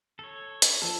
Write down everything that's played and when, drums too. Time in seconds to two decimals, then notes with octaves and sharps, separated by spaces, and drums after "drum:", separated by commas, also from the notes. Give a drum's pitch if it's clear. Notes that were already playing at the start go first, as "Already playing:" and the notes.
0.19 A4 C#5
0.62 drum: hi-hat
0.82 F3 A4